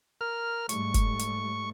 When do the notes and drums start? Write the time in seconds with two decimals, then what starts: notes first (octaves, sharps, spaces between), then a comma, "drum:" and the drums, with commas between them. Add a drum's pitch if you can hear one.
0.21 A#4 F6
0.69 G#2 G3 A3 C#6, drum: hi-hat
0.94 drum: kick F#1, hi-hat
1.19 drum: hi-hat